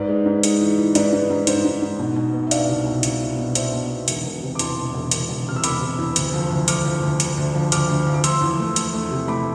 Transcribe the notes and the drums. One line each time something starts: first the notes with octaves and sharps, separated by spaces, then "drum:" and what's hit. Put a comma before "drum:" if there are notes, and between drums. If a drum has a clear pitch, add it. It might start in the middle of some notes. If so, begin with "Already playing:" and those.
Already playing: G#2 B4 D5
G#3
G#2
G#3, drum: hi-hat
E3
E3
G#2 B4 D5, drum: hi-hat
G#2
G#2
G#2 C5, drum: hi-hat
G#2
G#2
B2
B2
B3
E5
D4 D5 F5, drum: hi-hat
C2
B2
C2, drum: hi-hat
B3
B2
D4 C5 E5, drum: hi-hat
B2
B3
E1, drum: hi-hat
E1
C3
D6
E2 A5 C6, drum: hi-hat
E1
E1
E1, drum: hi-hat
E1
C3 F6
E6
E1 B5 D6, drum: hi-hat
C3
E2
D2, drum: hi-hat
F3
D2
D2 D6 F6, drum: hi-hat
F3
D2
D2, drum: hi-hat
D2
F3
D2 D6 F6, drum: hi-hat
D2
F3
D6
F3 C6 E6, drum: hi-hat
E2
A3
A3, drum: hi-hat
A3
C3
A3 B5 D6